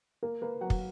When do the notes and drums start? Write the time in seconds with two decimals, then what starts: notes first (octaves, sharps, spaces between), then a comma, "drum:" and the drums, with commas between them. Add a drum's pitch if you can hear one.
0.23 A#3 A#4
0.42 A#3 B4
0.61 F#3 F#5
0.70 drum: kick